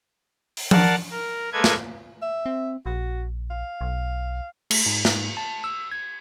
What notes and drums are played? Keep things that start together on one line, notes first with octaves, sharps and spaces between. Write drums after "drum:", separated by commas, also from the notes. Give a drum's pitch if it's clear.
drum: open hi-hat
A#4 D5 F5 F#5 A5, drum: tom F3
A#4
G#3 A#3 A4 B4 G#6
drum: snare
E5
C4
A#1 F#4
F5
B1
A3, drum: cymbal
G#2
G#2, drum: snare
A5
E6
G#6